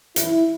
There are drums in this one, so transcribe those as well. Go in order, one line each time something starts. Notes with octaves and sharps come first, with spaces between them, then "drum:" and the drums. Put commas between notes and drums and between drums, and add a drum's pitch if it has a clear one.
F#2 E3 E4, drum: hi-hat